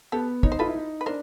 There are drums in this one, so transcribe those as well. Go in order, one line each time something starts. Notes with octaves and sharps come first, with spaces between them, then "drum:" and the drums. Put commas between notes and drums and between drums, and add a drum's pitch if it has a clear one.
B3 G4 A4
D#4 C#5, drum: kick
C5
F4 A4 B4
E4
D#4
B4
D4 A#4 C5